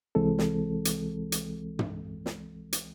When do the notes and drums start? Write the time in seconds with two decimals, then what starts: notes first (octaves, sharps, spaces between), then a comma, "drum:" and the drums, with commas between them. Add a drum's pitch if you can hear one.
0.15 C2 E3 G#3 C4 A4
0.38 drum: snare
0.85 drum: hi-hat
1.32 drum: hi-hat
1.79 drum: tom
2.26 drum: snare
2.73 drum: hi-hat